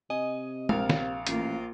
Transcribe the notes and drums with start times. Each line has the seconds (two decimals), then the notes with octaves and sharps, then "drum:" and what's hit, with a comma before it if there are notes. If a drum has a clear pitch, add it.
0.10 C3 D#5 G#5
0.69 A#1 A#4 F5, drum: tom G#3
0.90 drum: snare
1.27 A1 A#3 F4, drum: hi-hat